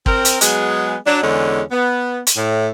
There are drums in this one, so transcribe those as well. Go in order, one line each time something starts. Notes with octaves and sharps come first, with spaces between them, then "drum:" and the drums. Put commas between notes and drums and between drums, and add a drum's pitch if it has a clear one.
C4 A#4, drum: kick
drum: hi-hat
F#3 G#3 B3 G#4, drum: hi-hat
F#3 D4
E2 D3 G#3 C#4
B3
drum: hi-hat
A2